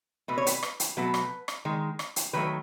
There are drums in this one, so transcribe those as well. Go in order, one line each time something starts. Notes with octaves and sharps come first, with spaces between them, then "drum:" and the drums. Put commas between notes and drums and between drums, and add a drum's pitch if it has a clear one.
B2 A3 B4
C#5
B4, drum: hi-hat
drum: rim click
drum: hi-hat
B2 F#3 A3 B4
drum: rim click
drum: rim click
D#3 G#3
drum: rim click
drum: hi-hat
D#3 F#3 A3 B4